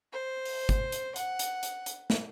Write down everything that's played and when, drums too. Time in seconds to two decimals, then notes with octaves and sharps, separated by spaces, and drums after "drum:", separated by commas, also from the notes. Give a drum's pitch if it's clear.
0.12 C5
0.45 drum: open hi-hat
0.69 drum: kick, hi-hat
0.92 drum: hi-hat
1.16 F#5, drum: hi-hat
1.39 drum: hi-hat
1.63 drum: hi-hat
1.86 drum: hi-hat
2.10 drum: snare